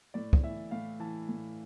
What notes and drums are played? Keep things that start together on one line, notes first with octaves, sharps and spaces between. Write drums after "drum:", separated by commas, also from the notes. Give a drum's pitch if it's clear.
A2 D5
drum: kick
E3 E5
A2 F5
E3 A5
A2